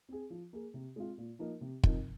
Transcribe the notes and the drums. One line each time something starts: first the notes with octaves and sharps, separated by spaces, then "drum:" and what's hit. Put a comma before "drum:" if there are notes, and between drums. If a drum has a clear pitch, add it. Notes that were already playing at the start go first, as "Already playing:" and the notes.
C4 G#4
F3
A#3 G#4
C3
G#3 C4 F4
A#2
F3 A#3 D#4 A#4
C3
F3 C4 D#4 A#4, drum: kick